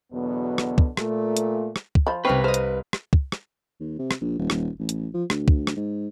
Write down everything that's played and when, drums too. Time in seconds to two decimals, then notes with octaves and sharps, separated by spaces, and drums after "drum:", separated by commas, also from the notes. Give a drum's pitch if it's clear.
0.11 E2 B2 D3 F#3 B3
0.58 drum: rim click
0.78 drum: kick
0.97 A#2 A3, drum: rim click
1.37 drum: hi-hat
1.76 drum: rim click
1.95 drum: kick
2.07 F3 B5
2.25 C2 C4 C#4 D#4 B4 F5 C7
2.44 C5 D#5 F5
2.54 drum: hi-hat
2.93 drum: rim click
3.13 drum: kick
3.32 drum: rim click
3.80 D#2
3.99 C3
4.11 drum: rim click
4.21 A#1
4.39 D#1
4.50 drum: rim click
4.79 A1
4.89 drum: hi-hat
5.14 F3
5.30 D2, drum: rim click
5.48 drum: kick
5.67 drum: rim click
5.76 G#2